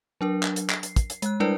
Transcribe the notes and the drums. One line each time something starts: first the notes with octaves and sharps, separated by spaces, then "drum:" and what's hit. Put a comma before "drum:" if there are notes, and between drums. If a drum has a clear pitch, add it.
F#3 D4 A#4
drum: clap
drum: hi-hat
C7, drum: clap
drum: hi-hat
drum: kick, hi-hat
drum: hi-hat
G#3 F#6, drum: hi-hat
G3 D4 E4 A#4 B4 D5